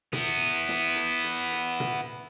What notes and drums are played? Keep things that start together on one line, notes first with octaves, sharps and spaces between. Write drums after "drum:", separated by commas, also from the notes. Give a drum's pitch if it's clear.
B3 E4, drum: tom A#2
drum: snare
drum: hi-hat
drum: hi-hat
drum: hi-hat
drum: tom A#2